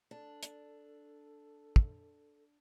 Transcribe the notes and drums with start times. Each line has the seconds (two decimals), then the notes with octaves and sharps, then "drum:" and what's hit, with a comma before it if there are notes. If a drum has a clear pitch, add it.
0.11 D4 A4
0.43 drum: hi-hat
1.76 drum: kick